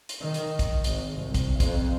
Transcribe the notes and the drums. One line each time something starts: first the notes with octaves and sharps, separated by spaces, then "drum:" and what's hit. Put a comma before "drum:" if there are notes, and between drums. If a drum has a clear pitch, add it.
drum: hi-hat
D#3
drum: hi-hat
drum: kick, hi-hat
G#1, drum: hi-hat
C2
drum: kick, hi-hat
F2, drum: kick, hi-hat